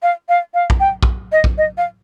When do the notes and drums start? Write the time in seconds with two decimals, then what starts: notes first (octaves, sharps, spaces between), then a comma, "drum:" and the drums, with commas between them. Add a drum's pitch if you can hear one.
0.02 F5
0.29 F5
0.54 F5
0.70 drum: kick A#1
0.80 G5
1.03 drum: kick A#1
1.32 D#5
1.44 drum: kick A#1
1.58 D#5
1.77 F5